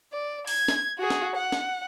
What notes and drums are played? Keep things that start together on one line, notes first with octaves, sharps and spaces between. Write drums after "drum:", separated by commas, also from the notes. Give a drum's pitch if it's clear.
D5
G#6, drum: open hi-hat
drum: snare
F#4 G#4
drum: snare
F#5
drum: snare